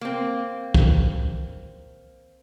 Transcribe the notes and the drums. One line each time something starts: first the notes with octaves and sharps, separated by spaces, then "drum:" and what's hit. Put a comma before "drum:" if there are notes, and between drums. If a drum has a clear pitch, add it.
A#3 C4
drum: kick